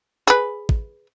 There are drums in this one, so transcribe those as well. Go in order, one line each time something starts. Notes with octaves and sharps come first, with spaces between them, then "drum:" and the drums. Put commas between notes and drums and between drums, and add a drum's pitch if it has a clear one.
G#4 B4
drum: kick